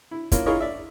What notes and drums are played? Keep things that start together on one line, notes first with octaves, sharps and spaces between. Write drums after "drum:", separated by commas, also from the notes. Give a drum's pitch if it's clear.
E4
A#3 C#4 E4 F4, drum: kick, hi-hat
E4 F4 G#4 A#4 C#5 D#5
D5 E5